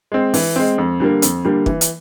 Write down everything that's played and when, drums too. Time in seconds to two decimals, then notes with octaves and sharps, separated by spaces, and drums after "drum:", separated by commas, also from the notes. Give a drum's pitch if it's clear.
0.12 G#3 C4
0.34 E3, drum: open hi-hat
0.56 G#3 C4
0.78 F2
1.00 D3 G3 A#3
1.22 F2, drum: hi-hat
1.44 D3 G3 A#3
1.66 E3, drum: kick
1.81 drum: hi-hat